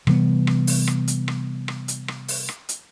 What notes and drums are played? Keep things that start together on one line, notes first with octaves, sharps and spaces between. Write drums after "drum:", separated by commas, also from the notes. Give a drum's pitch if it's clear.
C3 E3 G3 B3, drum: rim click
drum: rim click
drum: open hi-hat
drum: rim click
drum: hi-hat
drum: rim click
drum: rim click
drum: hi-hat
drum: rim click
drum: open hi-hat
drum: rim click
drum: hi-hat